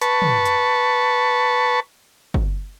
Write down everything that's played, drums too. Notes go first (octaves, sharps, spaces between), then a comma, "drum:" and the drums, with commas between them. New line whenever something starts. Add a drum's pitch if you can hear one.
B4 A5 C#6, drum: hi-hat
drum: tom
drum: hi-hat
drum: kick